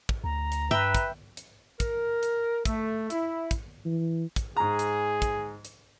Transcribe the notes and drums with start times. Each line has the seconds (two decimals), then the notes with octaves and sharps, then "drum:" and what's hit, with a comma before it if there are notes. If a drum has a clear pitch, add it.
0.09 drum: kick
0.24 D2 A#5
0.52 drum: hi-hat
0.71 G2 B4 E5 G5
0.95 drum: kick, hi-hat
1.37 drum: hi-hat
1.80 A#4, drum: kick, hi-hat
2.23 drum: hi-hat
2.65 A3, drum: kick, hi-hat
3.10 E4, drum: hi-hat
3.51 drum: kick, hi-hat
3.85 E3
4.36 drum: kick, hi-hat
4.57 G#2 G#4 A#5
4.79 drum: hi-hat
5.22 drum: kick, hi-hat
5.65 drum: hi-hat